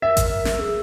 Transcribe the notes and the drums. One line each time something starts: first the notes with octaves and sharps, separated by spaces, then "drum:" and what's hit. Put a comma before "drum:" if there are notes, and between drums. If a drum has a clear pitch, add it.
A#4 E5
drum: kick A1, hi-hat
drum: snare
G#4